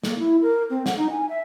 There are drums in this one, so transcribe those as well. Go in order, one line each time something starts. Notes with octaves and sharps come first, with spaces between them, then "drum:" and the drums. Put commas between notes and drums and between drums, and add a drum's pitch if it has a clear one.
A#3, drum: snare
E4
A#4
C4
F#5, drum: snare
D#4
G#5
E5